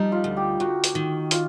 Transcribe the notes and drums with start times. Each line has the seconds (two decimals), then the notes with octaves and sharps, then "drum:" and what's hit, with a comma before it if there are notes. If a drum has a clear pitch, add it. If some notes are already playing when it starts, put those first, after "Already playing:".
Already playing: F3 G3 D#4
0.12 F4
0.24 D2
0.37 G4
0.60 D2 F#4
0.84 drum: hi-hat
0.95 D#3
1.31 F4, drum: hi-hat